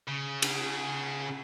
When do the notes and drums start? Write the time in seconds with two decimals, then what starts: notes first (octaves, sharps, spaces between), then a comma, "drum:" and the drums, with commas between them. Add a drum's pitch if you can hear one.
0.08 C#3
0.42 drum: cymbal